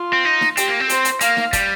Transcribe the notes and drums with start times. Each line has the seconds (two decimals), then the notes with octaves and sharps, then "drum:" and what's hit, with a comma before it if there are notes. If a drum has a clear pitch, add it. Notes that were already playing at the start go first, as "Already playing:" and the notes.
Already playing: F4
0.13 C4
0.25 D#4
0.41 drum: snare D#4
0.57 C4 G4, drum: hi-hat
0.68 A#3
0.80 C4
0.89 C5, drum: hi-hat
1.05 drum: hi-hat
1.21 A#3 F5, drum: hi-hat
1.37 drum: snare D#4
1.53 G3, drum: kick, hi-hat